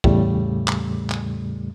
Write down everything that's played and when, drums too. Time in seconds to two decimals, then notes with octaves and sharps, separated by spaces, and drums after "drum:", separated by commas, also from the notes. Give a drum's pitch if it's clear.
0.04 E2 A2 C#3 G3 A3, drum: kick
0.68 drum: clap
1.10 drum: clap